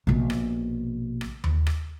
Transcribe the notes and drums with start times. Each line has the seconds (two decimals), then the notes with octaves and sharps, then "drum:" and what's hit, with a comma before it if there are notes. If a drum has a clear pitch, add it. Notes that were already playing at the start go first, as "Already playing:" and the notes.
0.07 A#1 B2
0.30 drum: rim click
1.21 drum: rim click
1.44 drum: tom D#2
1.67 drum: rim click